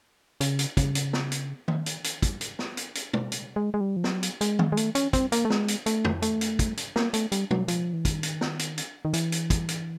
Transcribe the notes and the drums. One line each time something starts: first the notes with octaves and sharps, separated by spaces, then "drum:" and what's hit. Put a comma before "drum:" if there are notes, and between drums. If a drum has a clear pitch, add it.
C#3, drum: hi-hat
drum: hi-hat
C#3, drum: kick, hi-hat
drum: hi-hat
drum: snare
drum: hi-hat
drum: tom D#3
drum: hi-hat
drum: hi-hat
drum: kick, hi-hat
drum: hi-hat
drum: snare
drum: hi-hat
drum: hi-hat
drum: tom
drum: hi-hat
G#3
G#3
G3
F3
F#3, drum: snare
drum: hi-hat
G#3, drum: hi-hat
drum: tom D#3
G#3
A3, drum: hi-hat
C#4, drum: hi-hat
C4, drum: kick, hi-hat
A#3, drum: hi-hat
A3
G#3, drum: snare
drum: hi-hat
A3, drum: hi-hat
drum: tom
A3, drum: hi-hat
drum: hi-hat
drum: kick, hi-hat
drum: hi-hat
A#3, drum: snare
A3, drum: hi-hat
G3, drum: hi-hat
F#3, drum: tom
F3, drum: hi-hat
E3
D#3, drum: kick, hi-hat
drum: hi-hat
drum: snare
drum: hi-hat
drum: hi-hat
D#3
E3, drum: hi-hat
drum: hi-hat
drum: kick, hi-hat
drum: hi-hat